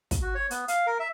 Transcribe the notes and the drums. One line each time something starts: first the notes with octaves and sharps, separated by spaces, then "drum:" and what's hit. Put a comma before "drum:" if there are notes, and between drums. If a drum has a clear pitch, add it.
drum: kick, hi-hat
F#4
C#5
B3, drum: hi-hat
F5, drum: hi-hat
A#4
E5